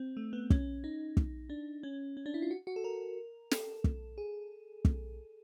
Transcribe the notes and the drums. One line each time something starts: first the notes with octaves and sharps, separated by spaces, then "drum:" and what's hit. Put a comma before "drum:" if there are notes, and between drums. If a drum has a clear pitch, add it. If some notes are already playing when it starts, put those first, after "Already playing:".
Already playing: C4
A3
B3
C#4, drum: kick
D#4
drum: kick
D4
C#4
C#4
D4
E4
F4
F#4
F#4
A4
A#4
A4, drum: snare
drum: kick
G#4
drum: kick